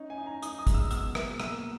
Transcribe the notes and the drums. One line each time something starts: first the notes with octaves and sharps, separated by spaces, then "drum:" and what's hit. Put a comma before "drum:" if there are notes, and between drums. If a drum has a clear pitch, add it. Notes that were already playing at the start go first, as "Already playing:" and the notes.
Already playing: C#4 D#4
G#5
D#4
A#5
D#4 D#6, drum: hi-hat
D#6
G#3, drum: kick, hi-hat
E6
B2 E6, drum: hi-hat
A#3, drum: rim click
A#3 E6, drum: rim click